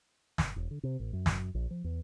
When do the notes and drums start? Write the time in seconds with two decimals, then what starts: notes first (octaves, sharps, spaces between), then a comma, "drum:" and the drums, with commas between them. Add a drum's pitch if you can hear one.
0.38 drum: snare
0.56 E1
0.71 D3
0.83 C3
1.00 A1
1.13 F#2
1.26 drum: snare
1.55 A#1
1.71 F3
1.84 E2